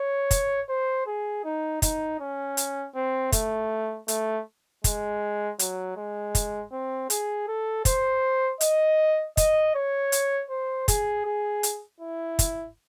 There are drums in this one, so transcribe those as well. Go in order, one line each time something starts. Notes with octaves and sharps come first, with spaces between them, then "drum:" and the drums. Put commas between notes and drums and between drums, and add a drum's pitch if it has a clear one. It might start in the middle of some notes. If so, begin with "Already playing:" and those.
Already playing: C#5
drum: kick, hi-hat
C5
G#4
D#4
D#4, drum: kick, hi-hat
C#4
drum: hi-hat
C4
A3, drum: kick, hi-hat
A3, drum: hi-hat
G#3, drum: kick, hi-hat
F#3, drum: hi-hat
G#3
drum: kick, hi-hat
C4
G#4, drum: hi-hat
A4
C5, drum: kick, hi-hat
D#5, drum: hi-hat
D#5, drum: kick, hi-hat
C#5
drum: hi-hat
C5
G#4, drum: kick, hi-hat
G#4
drum: hi-hat
E4
drum: kick, hi-hat